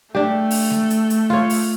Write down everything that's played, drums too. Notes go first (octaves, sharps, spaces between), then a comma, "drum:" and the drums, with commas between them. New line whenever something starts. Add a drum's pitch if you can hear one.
A3 D4 G4
drum: open hi-hat
drum: snare G#3
drum: hi-hat
drum: hi-hat
F4 C#5, drum: snare G#3
drum: open hi-hat